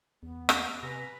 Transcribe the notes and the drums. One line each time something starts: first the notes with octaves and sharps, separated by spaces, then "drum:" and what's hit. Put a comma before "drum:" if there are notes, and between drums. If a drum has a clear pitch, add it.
E2 B3
drum: rim click
C3 B4 G#5 A#5